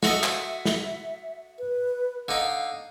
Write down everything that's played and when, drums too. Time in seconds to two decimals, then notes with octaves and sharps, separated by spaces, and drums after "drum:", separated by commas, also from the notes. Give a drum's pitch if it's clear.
0.03 F#4 A4 D#5 E5, drum: snare
0.23 drum: clap
0.65 drum: snare
1.59 B4
2.28 D3 D#4 F5